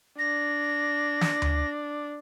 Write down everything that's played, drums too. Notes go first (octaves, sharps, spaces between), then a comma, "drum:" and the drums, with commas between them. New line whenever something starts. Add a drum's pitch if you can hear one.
D4 A#6
drum: snare
drum: tom D2